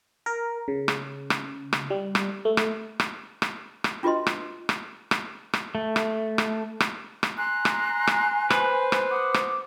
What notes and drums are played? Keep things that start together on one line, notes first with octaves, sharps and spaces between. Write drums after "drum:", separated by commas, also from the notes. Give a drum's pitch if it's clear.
A#4
C#3
drum: rim click
drum: rim click
drum: rim click
G3
drum: rim click
A3
drum: rim click
drum: rim click
drum: rim click
drum: rim click
D4 F4 F#4 B4 D#5 C6
drum: rim click
drum: rim click
drum: rim click
drum: rim click
A3
drum: rim click
drum: rim click
drum: rim click
drum: rim click
G#5 A#5 C6 F#6
drum: rim click
drum: rim click
B4 C5, drum: rim click
drum: rim click
F#5 D6 D#6
drum: rim click